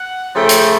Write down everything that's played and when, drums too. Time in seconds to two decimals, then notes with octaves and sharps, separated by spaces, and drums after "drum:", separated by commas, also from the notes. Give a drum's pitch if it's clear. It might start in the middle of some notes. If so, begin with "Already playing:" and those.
Already playing: F#5
0.35 C#3 F3 A3 G5
0.49 drum: hi-hat